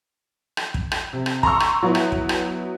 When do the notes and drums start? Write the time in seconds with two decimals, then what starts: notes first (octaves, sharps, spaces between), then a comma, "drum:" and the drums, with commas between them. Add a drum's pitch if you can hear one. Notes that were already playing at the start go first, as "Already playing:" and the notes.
0.57 drum: rim click
0.74 drum: kick
0.92 drum: rim click
1.13 C3
1.26 drum: rim click
1.43 A#5 C6 C#6 E6, drum: kick
1.60 drum: rim click
1.83 F#3 B3 E4
1.95 drum: rim click
2.12 drum: kick
2.29 drum: rim click